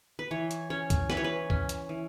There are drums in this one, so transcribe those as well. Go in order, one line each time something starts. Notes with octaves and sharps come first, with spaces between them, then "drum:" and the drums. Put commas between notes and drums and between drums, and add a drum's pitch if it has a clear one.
B4
E3 C#5
drum: hi-hat
C#4 C#5
drum: kick, hi-hat
E3 B4, drum: snare
C#5
B4
C#4, drum: kick
drum: hi-hat
E3